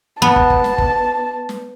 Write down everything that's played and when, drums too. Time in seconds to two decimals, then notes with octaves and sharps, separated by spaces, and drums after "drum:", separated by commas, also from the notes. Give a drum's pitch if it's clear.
0.22 B3 A5
0.36 drum: kick
0.50 drum: kick
0.64 drum: snare
0.78 drum: kick
1.49 drum: snare